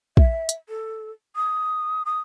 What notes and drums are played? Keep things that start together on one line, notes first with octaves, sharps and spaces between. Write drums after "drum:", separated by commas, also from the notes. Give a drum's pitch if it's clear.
E5, drum: kick
drum: hi-hat
A4
D#6
D#6